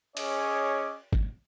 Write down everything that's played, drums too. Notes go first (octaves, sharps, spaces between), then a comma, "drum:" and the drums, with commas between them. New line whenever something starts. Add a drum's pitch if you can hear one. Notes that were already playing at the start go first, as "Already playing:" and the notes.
C#4 G#4 C#5 D#5 D6, drum: cymbal
drum: kick G#1